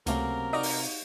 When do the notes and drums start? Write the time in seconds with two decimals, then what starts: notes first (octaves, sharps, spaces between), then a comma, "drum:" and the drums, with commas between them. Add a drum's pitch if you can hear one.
0.06 C#2 C3 F#3 A3 A#3 C#4 A#4, drum: hi-hat
0.53 D#4 F#4 D5 D#5 F5 D6
0.63 drum: open hi-hat